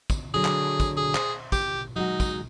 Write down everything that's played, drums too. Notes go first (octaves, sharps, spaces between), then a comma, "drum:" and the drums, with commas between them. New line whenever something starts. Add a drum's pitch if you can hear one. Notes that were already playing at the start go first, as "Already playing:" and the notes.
drum: kick, tambourine
D3 F#3 G#4
drum: clap
drum: kick, tambourine
G#4
C5, drum: clap
G4, drum: kick, tambourine
F#3 G#3 D#4 F#4
drum: kick, tambourine